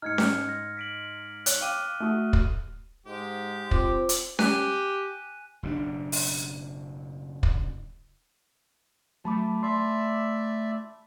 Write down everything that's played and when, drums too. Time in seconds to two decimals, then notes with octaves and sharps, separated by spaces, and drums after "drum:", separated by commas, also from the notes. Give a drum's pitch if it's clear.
0.02 G#2 D#4 F6 G#6 C#7
0.18 drum: snare C#4
0.49 F6 A#6
0.77 B6 D7 F#7
1.46 C#5 F#6 G7, drum: hi-hat
1.61 F5 G5 D6 F6 D#7
2.00 A3 F#4 D#6
2.33 drum: kick
3.06 G#2 G#3 G4
3.71 C4 F4 C5 D6, drum: kick
4.09 drum: hi-hat
4.39 G4 G#5 F#6 D#7, drum: snare C#4
5.63 F#1 B2 C4 D4
6.12 drum: open hi-hat
7.43 drum: kick
9.25 F#3 A3 A5 B5 D6
9.63 D5 E5 C6